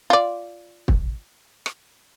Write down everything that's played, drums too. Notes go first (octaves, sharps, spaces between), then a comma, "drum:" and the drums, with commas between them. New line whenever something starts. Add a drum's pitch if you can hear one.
F4 D5
drum: kick
drum: rim click